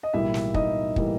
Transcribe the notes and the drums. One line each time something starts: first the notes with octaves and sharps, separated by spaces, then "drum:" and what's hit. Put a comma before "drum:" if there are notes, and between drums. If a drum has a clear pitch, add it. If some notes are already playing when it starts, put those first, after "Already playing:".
D#5
B1 A2 E3 G3 A#3 E4 E5
drum: snare
D#4 D#5, drum: kick
A2 E3 G3 A#3, drum: kick